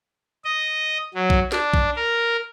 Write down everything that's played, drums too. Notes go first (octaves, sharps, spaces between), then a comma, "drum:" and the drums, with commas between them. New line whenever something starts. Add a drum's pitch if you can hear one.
D#5
F#3
drum: kick B1
D4, drum: snare
drum: kick B1
A#4